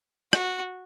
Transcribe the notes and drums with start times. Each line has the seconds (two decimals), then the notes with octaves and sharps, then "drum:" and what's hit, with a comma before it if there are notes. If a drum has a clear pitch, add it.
0.33 F#4, drum: rim click